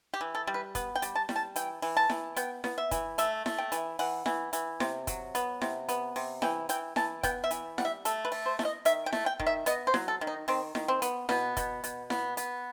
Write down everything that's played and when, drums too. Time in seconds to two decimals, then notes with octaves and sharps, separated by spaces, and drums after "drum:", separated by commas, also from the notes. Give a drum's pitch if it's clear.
0.14 G4
0.21 E3
0.35 A4
0.47 G3
0.54 B4
0.75 B3, drum: kick, hi-hat
0.95 G5
1.02 G3, drum: hi-hat
1.15 A5
1.29 G3, drum: snare E4
1.36 A5
1.56 E3 G5, drum: hi-hat
1.82 E3, drum: open hi-hat
1.97 A5
2.10 E3, drum: snare E4
2.36 B3 G5, drum: hi-hat
2.64 B3, drum: snare E4
2.78 E5
2.91 E3, drum: kick, hi-hat
3.18 A3 E5, drum: hi-hat
3.46 A3, drum: snare E4
3.58 G5
3.72 E3, drum: hi-hat
3.99 E3 F#5, drum: open hi-hat
4.26 E3, drum: snare E4
4.53 E3, drum: hi-hat
4.80 C3, drum: snare E4
5.07 F#3, drum: kick, hi-hat
5.35 B3, drum: hi-hat
5.62 C3, drum: snare E4
5.89 B3, drum: hi-hat
6.16 C3, drum: open hi-hat
6.42 E3 G5, drum: snare E4
6.69 E3 G5, drum: hi-hat
6.96 E3 A5, drum: snare E4
7.23 B3 G5, drum: kick, hi-hat
7.44 E5
7.51 E3, drum: hi-hat
7.78 G3 F#5, drum: snare E4
7.85 E5
8.05 A3 A4, drum: hi-hat
8.25 B4
8.32 A3, drum: open hi-hat
8.46 C5
8.59 A3, drum: snare E4
8.65 D#5
8.85 D#3 E5, drum: hi-hat
9.06 G5
9.13 A3, drum: snare E4
9.26 G5
9.40 D#3, drum: kick
9.47 E5
9.66 B3 D#5, drum: hi-hat
9.87 C5
9.94 F#3, drum: snare E4
10.08 A4
10.21 D#3
10.27 D#4
10.48 D#3 C4, drum: open hi-hat
10.75 D#3, drum: snare E4
10.88 C4
11.02 B3, drum: hi-hat
11.29 B2 B3, drum: snare E4
11.57 B2, drum: kick, hi-hat
11.84 B2, drum: hi-hat
12.10 B3, drum: snare E4
12.37 B3, drum: hi-hat